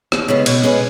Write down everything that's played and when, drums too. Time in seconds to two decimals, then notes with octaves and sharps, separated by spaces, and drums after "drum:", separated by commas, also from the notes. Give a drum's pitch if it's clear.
0.12 D#2, drum: rim click
0.28 C#3 G#3 B3
0.46 B2, drum: cymbal
0.64 G#3 C#4 G#4 B4